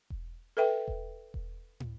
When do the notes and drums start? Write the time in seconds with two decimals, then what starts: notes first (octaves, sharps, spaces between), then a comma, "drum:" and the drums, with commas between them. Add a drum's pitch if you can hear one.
0.10 drum: kick E1
0.57 A4 B4 E5 G5
0.88 drum: kick E1
1.34 drum: kick E1
1.80 drum: tom